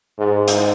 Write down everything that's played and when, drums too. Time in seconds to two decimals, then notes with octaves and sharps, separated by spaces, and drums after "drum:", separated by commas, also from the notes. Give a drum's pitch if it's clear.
0.18 G#2
0.48 drum: hi-hat